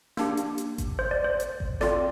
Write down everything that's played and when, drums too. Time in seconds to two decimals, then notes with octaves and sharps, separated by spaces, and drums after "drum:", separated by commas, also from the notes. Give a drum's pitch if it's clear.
0.17 A#3 D4 G4, drum: snare
0.37 drum: hi-hat
0.58 drum: hi-hat
0.78 drum: kick G#1, hi-hat
0.99 C5
1.11 D5
1.24 C5
1.40 drum: hi-hat
1.60 drum: kick G#1
1.81 C4 F4 A4 D5, drum: snare